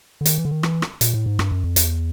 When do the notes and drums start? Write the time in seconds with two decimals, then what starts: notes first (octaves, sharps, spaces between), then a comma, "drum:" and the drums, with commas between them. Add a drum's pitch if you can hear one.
0.21 D3
0.26 D#3, drum: hi-hat
0.38 E3
0.45 D3
0.51 D#3
0.63 E3, drum: rim click
0.82 drum: rim click
1.01 A#2, drum: hi-hat
1.14 A2
1.26 G#2
1.39 G2, drum: rim click
1.52 F#2
1.64 F2
1.76 E2, drum: hi-hat